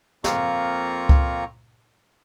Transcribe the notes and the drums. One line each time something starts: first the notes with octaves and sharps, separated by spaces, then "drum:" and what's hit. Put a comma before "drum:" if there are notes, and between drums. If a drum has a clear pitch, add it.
F2 A#3 C4 F4 A#5 C#6, drum: snare
drum: kick C#2